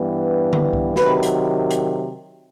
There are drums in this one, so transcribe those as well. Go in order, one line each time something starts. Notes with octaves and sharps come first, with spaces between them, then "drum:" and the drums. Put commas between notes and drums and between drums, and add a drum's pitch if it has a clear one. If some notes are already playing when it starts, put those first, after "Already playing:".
Already playing: G2 E3 B3
drum: tom D3
drum: kick C2
C3 D#3 F#3 B4, drum: snare
drum: hi-hat
drum: hi-hat